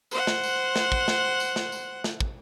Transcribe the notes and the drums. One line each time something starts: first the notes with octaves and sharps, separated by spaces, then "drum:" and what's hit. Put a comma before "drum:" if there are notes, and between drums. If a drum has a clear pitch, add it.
C5 F#5, drum: tambourine
drum: snare
drum: tambourine
drum: snare
drum: kick
drum: snare
drum: tambourine
drum: snare
drum: tambourine
drum: snare
drum: kick